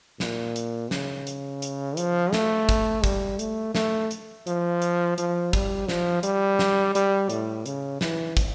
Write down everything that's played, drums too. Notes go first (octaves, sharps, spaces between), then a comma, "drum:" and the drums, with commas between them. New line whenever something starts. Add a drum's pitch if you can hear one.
A#2, drum: snare
drum: hi-hat
C#3, drum: snare
drum: hi-hat
drum: hi-hat
F3, drum: hi-hat
A3, drum: snare
drum: kick, hi-hat
G3, drum: kick, hi-hat
A3, drum: hi-hat
A3, drum: snare
drum: hi-hat
F3, drum: hi-hat
drum: hi-hat
F3, drum: hi-hat
G3, drum: kick, hi-hat
F3, drum: snare
G3, drum: hi-hat
drum: snare
G3, drum: hi-hat
A2, drum: hi-hat
C#3, drum: hi-hat
E3, drum: snare
drum: kick, hi-hat